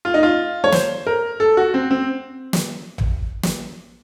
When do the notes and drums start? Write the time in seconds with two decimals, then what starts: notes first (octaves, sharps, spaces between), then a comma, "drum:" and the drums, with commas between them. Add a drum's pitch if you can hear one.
0.05 F4
0.14 D#4
0.23 F4
0.64 C#5
0.72 C5, drum: snare
1.07 A#4
1.40 A4
1.57 F#4
1.74 C4
1.91 C4
2.53 drum: snare
2.98 drum: tom A1
3.43 drum: snare